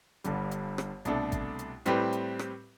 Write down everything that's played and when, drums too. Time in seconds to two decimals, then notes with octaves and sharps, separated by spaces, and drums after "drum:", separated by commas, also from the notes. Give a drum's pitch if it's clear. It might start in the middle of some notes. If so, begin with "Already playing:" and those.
0.24 G1 G2 D3 G3, drum: hi-hat
0.51 drum: hi-hat
0.78 drum: rim click
1.05 C2 B2 A3 D4 A4, drum: hi-hat
1.32 drum: kick G#1, hi-hat
1.59 drum: hi-hat
1.86 A2 G3 C4 G4 B4, drum: hi-hat
2.13 drum: hi-hat
2.39 drum: rim click